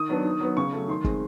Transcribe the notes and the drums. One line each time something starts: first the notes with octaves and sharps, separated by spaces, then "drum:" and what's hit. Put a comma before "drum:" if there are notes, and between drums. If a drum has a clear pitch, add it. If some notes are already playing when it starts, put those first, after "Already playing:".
Already playing: D#3 D#6
F#3 B3 D4
D#3
F#3 B3
C#3 C#6
F#3 A3
D#3 C6
G#3 C4, drum: kick